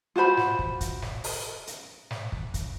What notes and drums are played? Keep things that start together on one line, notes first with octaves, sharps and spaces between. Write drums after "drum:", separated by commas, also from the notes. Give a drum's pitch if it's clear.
F4 F#4 C5 B5
drum: snare
drum: kick
drum: kick, hi-hat
drum: snare
drum: open hi-hat
drum: hi-hat
drum: snare
drum: kick
drum: kick, hi-hat